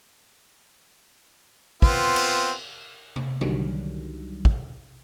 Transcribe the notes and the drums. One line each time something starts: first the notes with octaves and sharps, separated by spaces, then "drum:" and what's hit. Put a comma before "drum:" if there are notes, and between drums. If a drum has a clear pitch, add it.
B3 C4 F4, drum: kick
drum: cymbal
drum: tom C3
C2 D3 D#3 F#3 G3, drum: tom C3
drum: kick